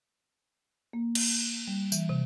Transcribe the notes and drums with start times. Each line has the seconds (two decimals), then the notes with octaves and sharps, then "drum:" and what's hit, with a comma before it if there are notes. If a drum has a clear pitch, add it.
0.93 A#3
1.15 drum: cymbal
1.68 G3
1.92 E3, drum: tambourine
2.09 C3